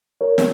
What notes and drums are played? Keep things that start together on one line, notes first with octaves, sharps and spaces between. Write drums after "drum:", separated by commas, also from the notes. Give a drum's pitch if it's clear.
A#4 C#5
drum: snare